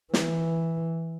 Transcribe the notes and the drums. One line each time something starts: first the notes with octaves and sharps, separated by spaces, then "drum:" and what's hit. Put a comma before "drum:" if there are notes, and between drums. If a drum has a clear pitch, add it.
E3, drum: snare